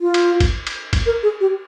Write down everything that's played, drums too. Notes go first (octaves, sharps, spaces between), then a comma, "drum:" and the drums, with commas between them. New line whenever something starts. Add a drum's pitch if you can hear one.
F4
drum: cymbal
drum: kick, cymbal
drum: cymbal
drum: kick, cymbal
A#4
G#4
G4